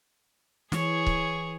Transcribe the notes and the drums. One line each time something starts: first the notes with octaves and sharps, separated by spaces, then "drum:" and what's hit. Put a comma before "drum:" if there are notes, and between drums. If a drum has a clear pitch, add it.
E3 G#4 C#5, drum: snare
drum: kick C#1